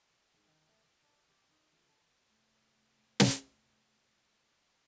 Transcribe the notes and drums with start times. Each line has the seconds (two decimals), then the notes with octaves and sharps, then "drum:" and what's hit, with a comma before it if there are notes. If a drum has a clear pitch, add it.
0.10 F#5
0.34 G#2
0.46 D#3
0.68 A3
0.84 D6
1.03 D4
1.29 G4
1.50 D#4
1.73 C#2
1.89 A4
2.30 C3 A3
3.20 drum: snare